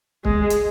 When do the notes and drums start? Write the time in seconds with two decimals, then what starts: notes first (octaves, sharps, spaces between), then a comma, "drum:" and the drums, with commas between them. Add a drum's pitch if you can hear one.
0.25 G#3, drum: kick
0.50 drum: hi-hat